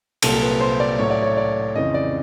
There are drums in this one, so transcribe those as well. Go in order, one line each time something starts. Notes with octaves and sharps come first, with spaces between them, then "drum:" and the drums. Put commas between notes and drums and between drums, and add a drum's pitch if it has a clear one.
C2 A#2 F#3 A#3 A4, drum: cymbal
B4
C5
D5
A2 F#3 A3 C#5
D5
C#5
D5
F2 C#3 E3 D#5
D5